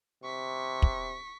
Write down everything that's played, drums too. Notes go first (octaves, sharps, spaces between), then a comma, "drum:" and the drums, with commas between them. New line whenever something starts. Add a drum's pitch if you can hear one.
C3 C#6 B6
drum: kick